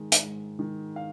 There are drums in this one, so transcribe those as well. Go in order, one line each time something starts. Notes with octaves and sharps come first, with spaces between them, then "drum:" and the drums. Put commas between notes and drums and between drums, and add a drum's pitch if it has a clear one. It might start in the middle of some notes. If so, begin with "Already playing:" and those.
Already playing: G#2 D#3 G#3
drum: hi-hat
G#2
D#3 G#3
F5